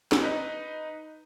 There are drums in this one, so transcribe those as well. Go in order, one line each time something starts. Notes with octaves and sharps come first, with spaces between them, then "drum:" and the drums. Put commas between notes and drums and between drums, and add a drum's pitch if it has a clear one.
drum: snare
D#4 B4 D#5